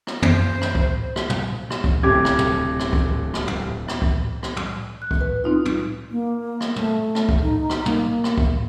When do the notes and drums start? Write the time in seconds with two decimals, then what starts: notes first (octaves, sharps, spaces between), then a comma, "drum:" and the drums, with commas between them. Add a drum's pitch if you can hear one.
0.07 drum: rim click
0.22 F#2 C5, drum: tom
0.61 drum: rim click
0.75 drum: kick C2
1.16 drum: rim click
1.30 drum: tom
1.70 drum: rim click
1.84 drum: kick C2
2.03 D1 C3 G4 D6 G#6
2.25 drum: rim click
2.38 drum: tom
2.79 drum: rim click
2.93 drum: kick C2
3.34 drum: rim click
3.47 drum: tom
3.88 drum: rim click
4.02 drum: kick C2
4.43 drum: rim click
4.56 drum: tom
5.02 F#6
5.11 drum: kick C2
5.21 B4
5.44 C4 D#4 F4
5.65 drum: tom
6.11 A#3
6.61 drum: rim click
6.76 A3, drum: tom
7.15 drum: rim click
7.29 drum: kick C2
7.42 D#4
7.70 drum: rim click
7.86 A#3, drum: tom
8.24 drum: rim click
8.38 drum: kick C2